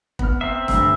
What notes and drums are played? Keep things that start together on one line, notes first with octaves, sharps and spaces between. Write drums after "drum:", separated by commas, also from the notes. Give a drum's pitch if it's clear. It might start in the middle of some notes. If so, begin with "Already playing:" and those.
B3 F6, drum: kick
C4 E5 A#5 D#6 C7
D2 G2 E6, drum: snare